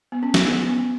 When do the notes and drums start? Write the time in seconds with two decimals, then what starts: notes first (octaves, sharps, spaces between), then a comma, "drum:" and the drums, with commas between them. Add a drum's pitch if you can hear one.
0.12 B3
0.23 C#4
0.34 drum: snare
0.45 B3
0.67 B3